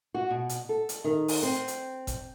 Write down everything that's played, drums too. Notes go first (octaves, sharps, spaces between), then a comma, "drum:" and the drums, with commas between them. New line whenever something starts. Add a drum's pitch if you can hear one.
F#4
B2
drum: hi-hat
A4
drum: hi-hat
D#3
drum: open hi-hat
C4
drum: hi-hat
drum: kick G1, hi-hat